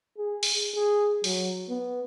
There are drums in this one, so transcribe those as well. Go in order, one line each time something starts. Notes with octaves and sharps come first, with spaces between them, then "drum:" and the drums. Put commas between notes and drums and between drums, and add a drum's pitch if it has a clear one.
G#4
drum: open hi-hat
G#4
F#3, drum: open hi-hat
B3